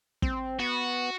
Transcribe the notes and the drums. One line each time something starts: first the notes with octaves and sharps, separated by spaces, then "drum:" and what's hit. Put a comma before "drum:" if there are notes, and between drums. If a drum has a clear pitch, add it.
C4, drum: kick
B3 F#4